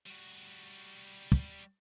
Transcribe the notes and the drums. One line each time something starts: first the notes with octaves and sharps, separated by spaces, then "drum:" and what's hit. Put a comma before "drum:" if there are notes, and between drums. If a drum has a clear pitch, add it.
G3 F#4
drum: kick